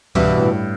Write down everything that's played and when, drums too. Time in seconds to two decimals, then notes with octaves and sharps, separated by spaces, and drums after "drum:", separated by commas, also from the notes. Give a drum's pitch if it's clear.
0.15 G2 B2 E3, drum: kick C2, open hi-hat
0.38 A2